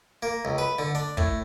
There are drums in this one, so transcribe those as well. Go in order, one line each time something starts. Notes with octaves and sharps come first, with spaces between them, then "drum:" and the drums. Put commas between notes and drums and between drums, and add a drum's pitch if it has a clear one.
A#3
C#2
B4
D3
D4
A2, drum: kick